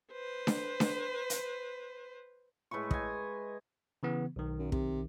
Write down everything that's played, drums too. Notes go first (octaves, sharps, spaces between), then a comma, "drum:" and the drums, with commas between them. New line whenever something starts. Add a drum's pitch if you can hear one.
B4 C5
drum: snare D4
drum: snare D4
drum: hi-hat
A2 G#3 B4 C#6
D#5 G#5, drum: kick
C#3 E3 B3
B1 D#3
F#2
C3, drum: kick